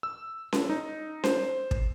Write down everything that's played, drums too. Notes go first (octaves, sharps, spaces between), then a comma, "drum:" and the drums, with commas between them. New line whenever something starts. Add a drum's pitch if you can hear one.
E6
drum: snare C#4
D#4
C5, drum: snare C#4
drum: kick